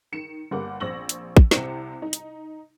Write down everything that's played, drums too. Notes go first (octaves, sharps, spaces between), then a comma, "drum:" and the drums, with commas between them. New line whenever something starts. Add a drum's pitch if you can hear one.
D#3 C#7 E7
G1 G3 A#3 F#5 D6
A#1 C4 C#6 E6 A#6 F#7
drum: hi-hat
drum: kick
C2 C3 C4 C#7 E7, drum: snare
D#4
drum: hi-hat